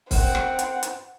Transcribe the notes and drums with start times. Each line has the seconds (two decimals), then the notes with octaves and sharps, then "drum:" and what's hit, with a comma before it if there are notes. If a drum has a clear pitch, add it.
0.11 C4 F#5, drum: kick, open hi-hat
0.35 drum: rim click
0.59 drum: hi-hat
0.83 drum: hi-hat